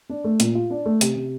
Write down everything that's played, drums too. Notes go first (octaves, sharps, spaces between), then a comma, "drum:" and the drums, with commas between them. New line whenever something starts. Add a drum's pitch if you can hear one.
D4
A3
A#2, drum: hi-hat
F4
D4
A3
C3, drum: hi-hat
C3